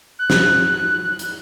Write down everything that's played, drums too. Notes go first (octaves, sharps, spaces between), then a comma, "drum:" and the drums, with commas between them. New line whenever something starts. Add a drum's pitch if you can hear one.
F#6
drum: snare
drum: hi-hat